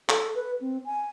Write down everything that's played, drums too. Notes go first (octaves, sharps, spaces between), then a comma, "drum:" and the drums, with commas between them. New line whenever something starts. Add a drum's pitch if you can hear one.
A4, drum: clap
B4
C4
G#5